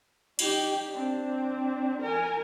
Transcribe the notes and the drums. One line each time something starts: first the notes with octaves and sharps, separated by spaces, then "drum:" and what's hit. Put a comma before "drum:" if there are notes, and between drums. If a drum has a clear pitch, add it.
D#4 G4, drum: cymbal
C4 D4
A#4 G#5